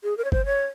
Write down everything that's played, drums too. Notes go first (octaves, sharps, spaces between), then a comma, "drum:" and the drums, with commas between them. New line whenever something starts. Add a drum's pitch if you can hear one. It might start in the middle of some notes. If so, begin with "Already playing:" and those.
G#4
A#4
C#5
C5, drum: kick G1
C#5